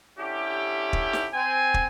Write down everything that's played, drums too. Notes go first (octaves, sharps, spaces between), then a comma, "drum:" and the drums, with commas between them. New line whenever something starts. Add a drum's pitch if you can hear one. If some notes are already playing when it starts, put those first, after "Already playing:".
D3 C#4 E4 G4
drum: kick
drum: snare
C4 G#5
drum: kick